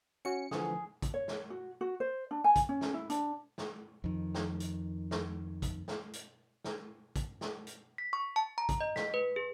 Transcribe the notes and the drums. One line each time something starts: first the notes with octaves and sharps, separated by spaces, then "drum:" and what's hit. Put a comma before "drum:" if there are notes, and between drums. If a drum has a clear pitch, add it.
C#4 F#4 C#7
D3 E3 F3 G#4, drum: snare
drum: kick, hi-hat
C#5
drum: snare
F#4
F#4
C5
D4
G#5
drum: kick, hi-hat
C#4
drum: snare
E4
D4, drum: hi-hat
drum: snare
F2 D#3
drum: snare
drum: hi-hat
drum: snare
drum: kick, hi-hat
drum: snare
drum: hi-hat
drum: snare
drum: kick, hi-hat
drum: snare
drum: hi-hat
B6
C#6
A5
A#5
drum: kick, hi-hat
D#5
B6, drum: snare
B4
G#4